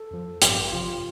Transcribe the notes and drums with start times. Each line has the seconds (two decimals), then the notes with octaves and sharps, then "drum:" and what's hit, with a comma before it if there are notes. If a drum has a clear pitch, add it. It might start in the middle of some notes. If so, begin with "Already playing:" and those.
Already playing: A4
0.11 F2 F3
0.42 A1 G2 F3 G4, drum: hi-hat
0.72 G1 F2 C3 F3 F4